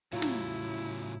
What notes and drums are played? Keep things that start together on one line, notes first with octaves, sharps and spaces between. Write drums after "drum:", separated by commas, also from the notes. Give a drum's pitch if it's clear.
A2 C#3 F#3 E4 F4
drum: snare